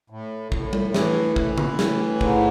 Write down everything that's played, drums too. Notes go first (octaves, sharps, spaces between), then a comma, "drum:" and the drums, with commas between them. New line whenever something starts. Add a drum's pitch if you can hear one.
A2
A2, drum: kick
drum: tom G3
E3, drum: snare
E3, drum: kick
drum: tom C#3
A2, drum: snare
G#2, drum: kick